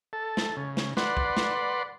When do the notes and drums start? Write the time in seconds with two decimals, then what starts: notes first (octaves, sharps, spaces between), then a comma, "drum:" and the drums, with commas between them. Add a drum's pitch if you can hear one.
0.13 A4
0.37 drum: snare
0.57 C#3
0.77 drum: snare
0.97 B4 D5 F#5 C6, drum: snare
1.17 drum: kick
1.37 drum: snare